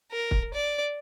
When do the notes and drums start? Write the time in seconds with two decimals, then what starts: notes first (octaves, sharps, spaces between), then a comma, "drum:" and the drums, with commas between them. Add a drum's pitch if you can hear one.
0.11 A#4
0.31 drum: kick
0.54 D5